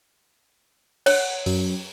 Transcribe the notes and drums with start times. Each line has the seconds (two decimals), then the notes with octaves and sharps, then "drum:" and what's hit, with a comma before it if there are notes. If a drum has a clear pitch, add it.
1.06 C#5 F#5, drum: cymbal
1.46 F#2, drum: open hi-hat